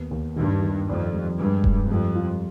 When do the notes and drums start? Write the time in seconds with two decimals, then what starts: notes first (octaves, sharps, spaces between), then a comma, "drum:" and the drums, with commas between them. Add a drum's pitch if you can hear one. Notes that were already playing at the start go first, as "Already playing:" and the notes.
Already playing: D#2 B3
0.11 D#2
0.36 G2 D#3
0.62 D#3
0.87 F2 D5
1.13 G3
1.39 G2 G#3
1.64 G#3, drum: kick E1
1.90 F2 G3
2.15 F4